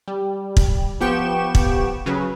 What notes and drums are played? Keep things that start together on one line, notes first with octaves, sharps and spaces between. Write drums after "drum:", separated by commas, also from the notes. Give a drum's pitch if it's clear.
G3
drum: kick
F3 B3 G4 G5 C#6 E7
drum: kick
C#3 F#3 B4